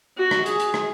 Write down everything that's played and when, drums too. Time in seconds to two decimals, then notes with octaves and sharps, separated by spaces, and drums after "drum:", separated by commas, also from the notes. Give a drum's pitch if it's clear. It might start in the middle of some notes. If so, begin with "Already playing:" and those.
0.17 F#4
0.31 drum: rim click
0.46 G#4, drum: hi-hat
0.60 drum: hi-hat
0.74 drum: rim click